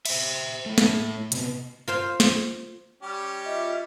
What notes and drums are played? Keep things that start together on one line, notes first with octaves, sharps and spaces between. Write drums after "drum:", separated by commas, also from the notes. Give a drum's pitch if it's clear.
C5 E5, drum: cymbal
A3 E4
drum: snare
C3 B3, drum: hi-hat
F4 C5 F5
drum: snare
G3 C#4 G4
F4 D#5 E5